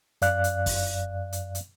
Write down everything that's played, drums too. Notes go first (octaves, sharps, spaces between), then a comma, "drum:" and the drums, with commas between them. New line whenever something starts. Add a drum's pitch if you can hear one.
F#2 D5 F5 F#6, drum: hi-hat
drum: hi-hat
drum: kick, open hi-hat
drum: hi-hat
drum: hi-hat